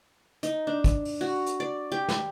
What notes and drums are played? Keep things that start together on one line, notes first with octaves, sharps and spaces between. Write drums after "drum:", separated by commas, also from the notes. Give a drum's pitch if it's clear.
D#4, drum: hi-hat
D4
drum: kick, hi-hat
drum: open hi-hat
F#4
drum: hi-hat
D5
G4
drum: snare